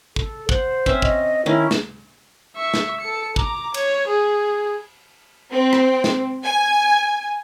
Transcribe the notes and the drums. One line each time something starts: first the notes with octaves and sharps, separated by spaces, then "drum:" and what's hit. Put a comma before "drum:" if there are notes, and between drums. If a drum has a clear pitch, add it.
A4, drum: kick
C5 F#5, drum: kick
C4 C#4 E5, drum: kick
D#5, drum: kick
D#3 C#4 E4
drum: snare
E5 C#6
drum: snare
A4 C#7
A#5 D6, drum: kick
C#5, drum: cymbal
G#4
C4
drum: rim click
drum: snare
G#5